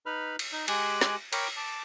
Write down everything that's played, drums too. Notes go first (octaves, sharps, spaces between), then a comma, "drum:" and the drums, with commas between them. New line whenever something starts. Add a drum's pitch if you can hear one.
D#4 B4 B5 F6
drum: cymbal
D#4
G#3 G4 G5 G#5 F#6, drum: cymbal
drum: snare
A#4 C#5 G5 A#5 B5 D6, drum: cymbal
A5 D6